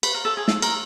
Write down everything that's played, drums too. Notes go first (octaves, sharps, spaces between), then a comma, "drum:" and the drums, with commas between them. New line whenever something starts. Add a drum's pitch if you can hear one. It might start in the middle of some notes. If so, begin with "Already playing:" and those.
B4, drum: cymbal
A#4
A4
G#4
A4, drum: snare
A#4, drum: cymbal